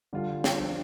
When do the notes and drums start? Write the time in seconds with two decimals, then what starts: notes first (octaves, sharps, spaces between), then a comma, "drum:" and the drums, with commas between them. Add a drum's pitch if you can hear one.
0.13 D3 G3 F4
0.44 drum: snare
0.57 F3 D4 F4